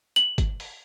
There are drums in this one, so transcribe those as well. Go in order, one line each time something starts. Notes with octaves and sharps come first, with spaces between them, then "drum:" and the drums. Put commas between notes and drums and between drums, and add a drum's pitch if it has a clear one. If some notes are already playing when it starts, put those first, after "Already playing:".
F#7, drum: hi-hat
drum: kick, hi-hat
drum: open hi-hat